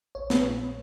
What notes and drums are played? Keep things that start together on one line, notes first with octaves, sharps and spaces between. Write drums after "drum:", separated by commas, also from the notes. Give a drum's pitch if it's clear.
A#1 C#5
A#2 B4, drum: snare